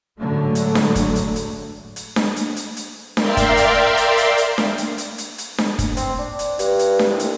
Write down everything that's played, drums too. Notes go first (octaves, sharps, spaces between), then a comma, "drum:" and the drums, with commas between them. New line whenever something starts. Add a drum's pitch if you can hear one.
A2 D3 F#3 G#3 A3
drum: hi-hat
drum: snare D4
drum: kick, hi-hat
drum: hi-hat
drum: hi-hat
drum: hi-hat
drum: snare D4
drum: hi-hat
drum: hi-hat
drum: hi-hat
A#4 D5 E5 F5 G5 C6, drum: snare D4
drum: kick, hi-hat
drum: hi-hat
drum: hi-hat
drum: hi-hat
drum: hi-hat
drum: snare D4
drum: hi-hat
drum: hi-hat
drum: hi-hat
drum: hi-hat
drum: snare D4
drum: kick, hi-hat
C4, drum: hi-hat
D4
drum: hi-hat
G2, drum: hi-hat
drum: hi-hat
drum: snare D4
C2
drum: hi-hat